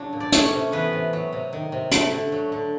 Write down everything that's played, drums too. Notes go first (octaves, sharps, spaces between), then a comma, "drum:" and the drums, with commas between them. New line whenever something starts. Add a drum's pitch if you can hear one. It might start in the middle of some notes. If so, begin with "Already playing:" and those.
Already playing: C#3 F#3 D4
A#2
D5
A3 C#4 C#5, drum: hi-hat
C3
E3 B3 B4
C3
F#3
C3
D#3
C3
A3, drum: hi-hat
D3
F#3
D3